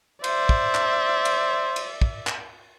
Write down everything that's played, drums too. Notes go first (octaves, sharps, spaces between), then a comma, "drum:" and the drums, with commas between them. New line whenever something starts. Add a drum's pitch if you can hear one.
C5 D5 E5, drum: cymbal
drum: kick
drum: clap
drum: cymbal
drum: cymbal
drum: kick
drum: clap